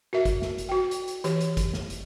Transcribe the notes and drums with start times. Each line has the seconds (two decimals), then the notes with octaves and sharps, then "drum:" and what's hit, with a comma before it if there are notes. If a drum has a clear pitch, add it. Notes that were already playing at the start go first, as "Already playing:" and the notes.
0.13 F#4 A#4 E5
0.25 drum: kick, hi-hat
0.42 drum: snare
0.58 drum: hi-hat
0.69 F#4 G5
0.91 drum: hi-hat
1.08 drum: hi-hat
1.24 E3 G4 C#5, drum: hi-hat
1.41 drum: hi-hat
1.57 drum: kick, hi-hat
1.73 drum: snare
1.90 drum: hi-hat